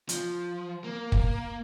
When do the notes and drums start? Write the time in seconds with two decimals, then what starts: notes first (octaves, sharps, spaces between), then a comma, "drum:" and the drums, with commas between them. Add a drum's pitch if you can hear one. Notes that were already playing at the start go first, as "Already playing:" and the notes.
0.09 F3, drum: hi-hat
0.84 A#3
1.12 drum: kick